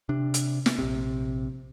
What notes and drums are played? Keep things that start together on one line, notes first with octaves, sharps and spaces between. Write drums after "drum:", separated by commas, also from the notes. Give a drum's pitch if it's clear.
C3 D4
drum: hi-hat
drum: snare
A#1 C3